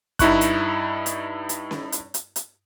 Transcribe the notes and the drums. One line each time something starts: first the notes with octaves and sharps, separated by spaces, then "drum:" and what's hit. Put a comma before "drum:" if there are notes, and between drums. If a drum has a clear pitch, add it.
G2 D#4 E4 C#6 F#6, drum: kick, hi-hat
drum: hi-hat
drum: hi-hat
drum: hi-hat
drum: snare C#4
drum: hi-hat
drum: hi-hat
drum: hi-hat